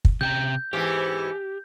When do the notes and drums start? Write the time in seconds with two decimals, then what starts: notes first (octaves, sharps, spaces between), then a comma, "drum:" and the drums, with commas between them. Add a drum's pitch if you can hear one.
0.05 drum: kick
0.21 C3 G5 A#5 G6
0.73 G#2 E3 B3 G4